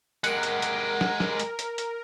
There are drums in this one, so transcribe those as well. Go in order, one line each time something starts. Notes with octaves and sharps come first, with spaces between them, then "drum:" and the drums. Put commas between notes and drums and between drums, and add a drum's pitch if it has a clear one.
G#3 G4 A#4 F#5, drum: hi-hat
drum: hi-hat
drum: hi-hat
drum: snare
drum: snare
drum: hi-hat
drum: hi-hat
drum: hi-hat